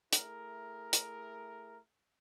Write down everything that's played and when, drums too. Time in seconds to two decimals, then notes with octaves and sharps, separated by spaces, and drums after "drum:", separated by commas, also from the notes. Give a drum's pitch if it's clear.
0.13 A3 E4 G#4 A#4, drum: hi-hat
0.93 drum: hi-hat